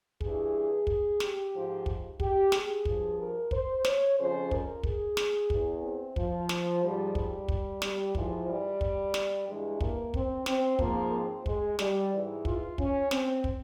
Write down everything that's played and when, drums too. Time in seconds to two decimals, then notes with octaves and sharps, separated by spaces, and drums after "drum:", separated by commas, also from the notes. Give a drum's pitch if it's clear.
0.21 G2 E3 G#4, drum: kick
0.87 drum: kick
1.20 G4, drum: snare
1.53 G#2 F3
1.86 drum: kick
2.20 G4, drum: kick
2.52 G#4, drum: snare
2.85 G2 F3, drum: kick
3.18 A#4
3.51 C5, drum: kick
3.85 C#5, drum: snare
4.18 F2 C#3 F3 C5
4.51 A#4, drum: kick
4.83 G#4, drum: kick
5.17 drum: snare
5.50 E2 E3, drum: kick
5.83 C4
6.16 F3, drum: kick
6.49 drum: snare
6.82 G#2 F3 G3
7.15 G3, drum: kick
7.48 drum: kick
7.82 G3, drum: snare
8.15 G#2 E3 F3, drum: kick
8.48 G3
8.81 drum: kick
9.14 drum: snare
9.47 G2 E3 G#3
9.81 A#3, drum: kick
10.14 C4, drum: kick
10.46 C4, drum: snare
10.79 G#2 F3 A#3, drum: kick
11.12 C4
11.46 G#3, drum: kick
11.79 G3, drum: snare
12.12 G#2 E3
12.45 F4, drum: kick
12.78 C#4, drum: kick
13.11 C4, drum: snare
13.44 drum: kick